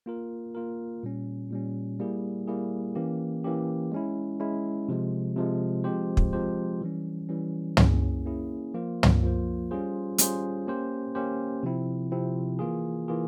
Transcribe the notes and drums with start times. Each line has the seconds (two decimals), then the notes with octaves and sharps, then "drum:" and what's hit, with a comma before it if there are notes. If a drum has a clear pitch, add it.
0.06 A#3 F4 A#4
0.55 A#3 F4 A#4
1.03 A#2 G3 C#4
1.51 A#2 G3 C#4
1.99 G3 A#3 E4 G#4
2.48 G3 A#3 E4 G#4
2.95 E3 A#3 C#4 G4
3.44 E3 A#3 C#4 G4
3.92 G#3 C#4 E4
4.40 G#3 C#4 E4
4.88 C3 F3 G#3
5.36 C3 F3 G#3
5.84 F3 G#3 C4 G4 C5
6.17 drum: kick
6.33 F3 G#3 C4 G4 C5
6.81 E3 G3 C#4
7.29 E3 G3 C#4
7.77 A#3 C#4 E4 G#4, drum: tom
8.25 A#3 C#4 E4 G#4
8.74 F3 A#3 F4 C5
9.03 drum: tom
9.22 F3 A#3 F4 C5
9.71 G3 C#4 F4 G#4 C5
10.18 G3 C#4 F4 G#4 C5, drum: hi-hat
10.67 A#3 C#4 G4 C5
11.15 A#3 C#4 G4 C5
11.63 C3 F3 C4 E4
12.12 C3 F3 C4 E4
12.59 E3 A#3 F4 G#4
13.08 E3 A#3 F4 G#4